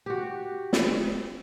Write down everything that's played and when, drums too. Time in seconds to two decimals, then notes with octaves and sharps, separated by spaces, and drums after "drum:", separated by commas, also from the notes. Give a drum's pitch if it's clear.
0.06 F#4 G4
0.73 drum: snare